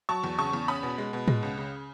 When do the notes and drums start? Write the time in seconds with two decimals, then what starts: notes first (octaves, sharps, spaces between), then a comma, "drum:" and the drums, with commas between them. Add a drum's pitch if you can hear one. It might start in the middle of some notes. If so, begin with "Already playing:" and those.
0.09 F#3 A5 C#6
0.24 E2
0.38 C#3 A5 C#6
0.53 E2
0.68 C#4 B5 D#6
0.83 B2
0.98 G#3
1.13 B2
1.28 G#3, drum: tom A2
1.43 C#2
1.58 C#3